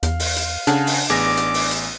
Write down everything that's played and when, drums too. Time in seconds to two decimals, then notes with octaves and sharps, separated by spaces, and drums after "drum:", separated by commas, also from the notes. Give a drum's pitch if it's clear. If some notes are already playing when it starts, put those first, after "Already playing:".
0.03 E2 F5, drum: hi-hat
0.20 drum: open hi-hat
0.36 drum: hi-hat
0.67 C#3 D4 A4 F#5 G#5, drum: hi-hat
0.87 drum: open hi-hat
1.10 A1 B3 G#4 D5 G#5 D6 A#6
1.37 drum: hi-hat
1.54 drum: open hi-hat
1.71 drum: hi-hat